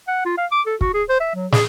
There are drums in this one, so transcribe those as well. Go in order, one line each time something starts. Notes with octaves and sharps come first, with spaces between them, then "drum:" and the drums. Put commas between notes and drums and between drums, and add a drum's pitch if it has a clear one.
F#5
F4
F5
D6
A4
F#4, drum: kick
G#4
C5
E5
F#3
G#4, drum: snare